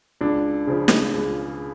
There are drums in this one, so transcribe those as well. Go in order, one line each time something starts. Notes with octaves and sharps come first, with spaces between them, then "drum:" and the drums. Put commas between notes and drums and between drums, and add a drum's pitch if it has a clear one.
C#2 D4
C#3 F3
drum: snare
C#2